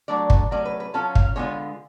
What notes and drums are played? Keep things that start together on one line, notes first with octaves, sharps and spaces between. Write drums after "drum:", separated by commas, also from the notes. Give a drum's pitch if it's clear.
F#3 A3 D4 D5
drum: kick
F#3 A3 C#4 D5
B4
B4
F#3 C#4 F4 A4
F5, drum: kick
D3 G#3 B3 F4 C#5